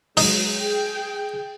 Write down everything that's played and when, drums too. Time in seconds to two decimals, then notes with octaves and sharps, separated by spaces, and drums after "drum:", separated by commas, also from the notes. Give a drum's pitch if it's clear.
0.17 F#3 G#3 D#4, drum: open hi-hat
0.58 G#4 G5